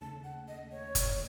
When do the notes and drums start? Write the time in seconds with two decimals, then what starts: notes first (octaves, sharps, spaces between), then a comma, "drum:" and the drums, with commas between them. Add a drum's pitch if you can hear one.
0.01 D#2 C#3 A3 A5
0.24 F#5
0.48 D#5
0.71 C#5
0.95 drum: kick, hi-hat